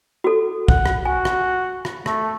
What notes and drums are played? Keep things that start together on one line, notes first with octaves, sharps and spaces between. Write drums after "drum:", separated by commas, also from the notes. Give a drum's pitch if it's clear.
F#4 A4
F#5, drum: kick
drum: rim click
F#4 G#5
drum: rim click
drum: rim click
A3, drum: rim click